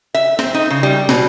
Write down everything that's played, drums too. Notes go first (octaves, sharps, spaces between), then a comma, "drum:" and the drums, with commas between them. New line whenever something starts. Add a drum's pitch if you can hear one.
E5
C4, drum: snare
D#4
C#3
G3
B2, drum: snare